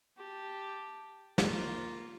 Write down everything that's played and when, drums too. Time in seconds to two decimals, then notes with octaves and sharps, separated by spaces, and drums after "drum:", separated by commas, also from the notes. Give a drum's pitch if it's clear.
0.17 G4 A5
1.38 A#3 F4, drum: snare